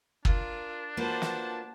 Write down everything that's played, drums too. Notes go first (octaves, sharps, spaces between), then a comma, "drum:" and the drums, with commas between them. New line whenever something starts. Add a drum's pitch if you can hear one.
D4 F4 A#4, drum: kick
A#3 F4 F#4 B4 C5 A5
drum: snare